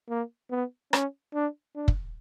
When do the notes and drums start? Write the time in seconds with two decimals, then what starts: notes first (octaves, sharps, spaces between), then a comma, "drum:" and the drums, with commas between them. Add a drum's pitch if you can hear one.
0.09 A#3
0.51 B3
0.93 C#4, drum: rim click
1.34 D4
1.76 D4
1.88 drum: kick